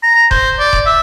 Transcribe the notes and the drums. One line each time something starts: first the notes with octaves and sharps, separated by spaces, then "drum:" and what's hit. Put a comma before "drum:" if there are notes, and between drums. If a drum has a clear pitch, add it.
A#5
C5, drum: kick D#1
D5
drum: kick D#1
E5